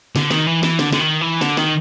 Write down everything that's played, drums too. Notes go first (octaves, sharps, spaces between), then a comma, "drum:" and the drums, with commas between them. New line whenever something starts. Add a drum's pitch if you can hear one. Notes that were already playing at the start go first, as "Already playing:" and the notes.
D3, drum: snare
D#3, drum: snare
E3
E3, drum: snare
D3, drum: snare
D3, drum: snare
D#3
E3
D3, drum: snare
D#3, drum: snare